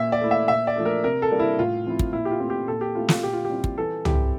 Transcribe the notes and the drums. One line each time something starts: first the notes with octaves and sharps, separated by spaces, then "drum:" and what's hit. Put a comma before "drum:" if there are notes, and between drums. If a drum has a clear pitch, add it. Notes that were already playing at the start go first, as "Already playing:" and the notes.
Already playing: A#2 E5
D5
A3 E4
E5
A#2 E5
D5
F3 A3 D4
A#4
C3 A#4
A4
G3 A#3 D4
E4
A2 F4
F3 C4 E4
drum: kick
A#2 E4
G4
F4
A3 C4 E4
G4
A#2 A4
G4
A3 C4 E4 F4
F4, drum: snare
A#2 G4
F4
G4
G3 C4 E4
drum: kick
E3 A4
G3 C4 E4 G4, drum: tom